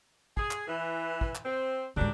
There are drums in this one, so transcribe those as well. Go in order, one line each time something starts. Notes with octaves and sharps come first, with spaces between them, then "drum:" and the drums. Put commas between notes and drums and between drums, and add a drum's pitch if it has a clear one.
G#4, drum: kick
drum: clap
E3
drum: kick
drum: clap
C4
G#2 D3 F#3 G3 D4